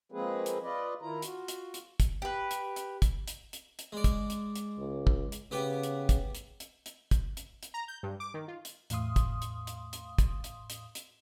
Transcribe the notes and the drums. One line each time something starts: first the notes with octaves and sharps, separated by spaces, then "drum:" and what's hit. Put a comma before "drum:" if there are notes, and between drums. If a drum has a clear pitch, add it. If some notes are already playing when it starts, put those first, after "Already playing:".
F3 G#3 A#3 C4 G#4 B4
drum: hi-hat
F4 B4 D5 D#5
D#3 E4 F4 A#5
F4 F#4, drum: hi-hat
drum: hi-hat
drum: hi-hat
drum: kick, hi-hat
G4 B4
drum: hi-hat
drum: hi-hat
drum: kick, hi-hat
drum: hi-hat
drum: hi-hat
drum: hi-hat
G#3 D5
drum: kick, hi-hat
drum: hi-hat
drum: hi-hat
C#2
drum: kick
drum: hi-hat
C#3 B3 G4 B4
drum: hi-hat
drum: kick, hi-hat
drum: hi-hat
drum: hi-hat
drum: hi-hat
drum: kick, hi-hat
drum: hi-hat
drum: hi-hat
A#5
G6
G2
D6
D#3
F4
drum: hi-hat
E2 A2 F5 C6 D#6, drum: hi-hat
drum: kick, hi-hat
drum: hi-hat
drum: hi-hat
drum: hi-hat
drum: kick, hi-hat
drum: hi-hat
drum: hi-hat
drum: hi-hat